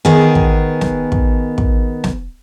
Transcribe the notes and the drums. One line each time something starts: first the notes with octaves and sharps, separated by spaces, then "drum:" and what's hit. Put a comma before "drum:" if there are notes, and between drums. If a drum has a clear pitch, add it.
D#3 B3 G#4
drum: kick
drum: snare
drum: kick
drum: kick
drum: snare